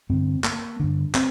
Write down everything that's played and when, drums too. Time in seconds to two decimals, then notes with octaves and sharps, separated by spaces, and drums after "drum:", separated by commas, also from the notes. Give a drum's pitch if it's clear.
0.10 G2 D3 C4
0.44 A#3, drum: clap
0.80 G2 D3 D4
1.15 C4, drum: clap